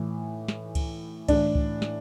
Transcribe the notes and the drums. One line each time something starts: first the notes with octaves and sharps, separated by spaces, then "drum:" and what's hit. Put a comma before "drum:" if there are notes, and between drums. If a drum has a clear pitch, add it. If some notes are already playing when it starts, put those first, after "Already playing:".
Already playing: A2 E3
drum: snare
drum: kick C#2, cymbal
A2 E3 D4, drum: kick C#2, cymbal
drum: kick C#2
drum: snare